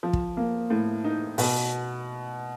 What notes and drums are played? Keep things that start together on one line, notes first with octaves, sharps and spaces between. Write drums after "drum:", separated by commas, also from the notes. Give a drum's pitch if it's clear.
F3
drum: kick
A#3
A2
D#4
B2, drum: open hi-hat